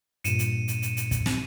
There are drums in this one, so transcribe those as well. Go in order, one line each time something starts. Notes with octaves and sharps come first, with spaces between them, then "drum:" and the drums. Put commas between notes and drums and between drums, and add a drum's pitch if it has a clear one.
G2 A#2 C#7 D#7 E7, drum: hi-hat
drum: hi-hat
drum: hi-hat
drum: hi-hat
drum: hi-hat
drum: kick, hi-hat
drum: snare